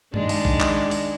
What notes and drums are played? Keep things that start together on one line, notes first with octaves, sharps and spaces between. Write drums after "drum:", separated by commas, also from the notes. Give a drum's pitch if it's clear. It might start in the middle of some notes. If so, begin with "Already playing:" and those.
D#3 G#3 D4, drum: tom G2
drum: open hi-hat
drum: kick A#1
drum: clap
drum: open hi-hat